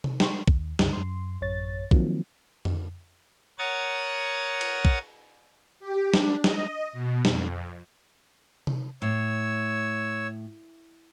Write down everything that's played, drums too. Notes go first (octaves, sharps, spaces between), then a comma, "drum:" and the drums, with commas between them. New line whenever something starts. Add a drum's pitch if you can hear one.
drum: tom C3
G5 C6 C#6, drum: snare
D#2, drum: kick
C#2 G2 D3, drum: snare
F#2 C6
A1 F#2 C#5 A6
D#3 F3 F#3 A#3 C4, drum: kick
drum: tom F2
A#4 C#5 F#5 D#6 G#6 A6
drum: cymbal
drum: kick
G4
D4, drum: snare
D#5, drum: snare
B2
F2, drum: snare
drum: tom C3
A2 C#5 E6